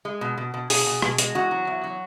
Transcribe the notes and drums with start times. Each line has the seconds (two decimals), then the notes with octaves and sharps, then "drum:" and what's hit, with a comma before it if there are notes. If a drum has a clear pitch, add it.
0.05 G#3
0.21 B2
0.38 B2
0.54 B2
0.70 B2 G#4, drum: open hi-hat
0.86 B2
1.02 B2, drum: rim click
1.18 G#3, drum: hi-hat
1.35 E2 F#4
1.51 F#3
1.67 E2
1.84 F#3